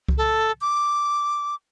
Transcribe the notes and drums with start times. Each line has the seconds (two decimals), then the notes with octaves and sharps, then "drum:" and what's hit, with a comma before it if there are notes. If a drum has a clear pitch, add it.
0.08 drum: kick C2
0.18 A4
0.61 D6